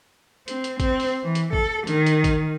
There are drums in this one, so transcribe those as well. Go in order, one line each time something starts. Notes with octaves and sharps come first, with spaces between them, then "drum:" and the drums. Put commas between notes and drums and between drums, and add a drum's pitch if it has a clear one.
C4, drum: hi-hat
drum: hi-hat
C4, drum: kick, hi-hat
drum: open hi-hat
E3
drum: hi-hat
A4, drum: kick
D#3, drum: hi-hat
drum: hi-hat
drum: kick, hi-hat